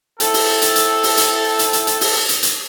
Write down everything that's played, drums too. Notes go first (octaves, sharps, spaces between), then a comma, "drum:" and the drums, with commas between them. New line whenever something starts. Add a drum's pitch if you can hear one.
C4 E4 A4, drum: hi-hat
drum: open hi-hat
drum: hi-hat
drum: hi-hat
drum: open hi-hat
drum: hi-hat
drum: hi-hat
drum: hi-hat
drum: hi-hat
drum: open hi-hat
drum: hi-hat
drum: hi-hat